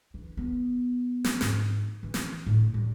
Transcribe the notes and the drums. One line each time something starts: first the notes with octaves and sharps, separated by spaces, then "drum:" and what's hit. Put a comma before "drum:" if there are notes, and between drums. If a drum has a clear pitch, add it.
E3
B3
drum: snare
G#2, drum: snare
E3
drum: snare
A2
G3